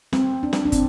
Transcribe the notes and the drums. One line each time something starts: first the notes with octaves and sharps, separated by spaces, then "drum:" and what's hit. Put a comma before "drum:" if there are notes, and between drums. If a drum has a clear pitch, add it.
C4, drum: snare
D4
drum: snare
D4
C4, drum: kick, hi-hat